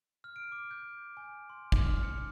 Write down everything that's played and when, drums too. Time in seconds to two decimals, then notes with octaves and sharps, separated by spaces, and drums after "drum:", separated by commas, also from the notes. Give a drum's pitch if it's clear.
0.24 F6
0.36 D7
0.52 D6
0.71 G6
1.17 G#5
1.50 C6
1.72 D6, drum: kick
1.84 F6
2.03 C#7